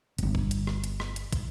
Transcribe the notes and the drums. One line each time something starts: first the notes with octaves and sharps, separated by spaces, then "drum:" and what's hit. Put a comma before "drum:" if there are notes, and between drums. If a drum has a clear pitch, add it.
D1 G1, drum: hi-hat
drum: kick
drum: hi-hat
drum: rim click
drum: hi-hat
drum: rim click
drum: hi-hat
drum: kick, hi-hat